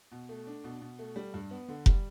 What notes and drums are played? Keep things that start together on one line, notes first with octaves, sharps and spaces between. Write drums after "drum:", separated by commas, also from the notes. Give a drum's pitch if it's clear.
B2
A3
D4
B2
B2
A3
G3
G2
B3
D3
G3, drum: kick F1